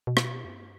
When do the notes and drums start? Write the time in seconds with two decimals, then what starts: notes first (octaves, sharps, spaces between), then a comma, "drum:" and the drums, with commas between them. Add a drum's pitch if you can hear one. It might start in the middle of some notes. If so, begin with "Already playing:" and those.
0.07 B2
0.17 drum: rim click
0.45 F2
0.50 G2